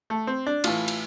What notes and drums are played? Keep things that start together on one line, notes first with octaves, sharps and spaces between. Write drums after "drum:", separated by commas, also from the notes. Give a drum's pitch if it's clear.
A3
C4
D4
A2 E3 F4, drum: cymbal
drum: cymbal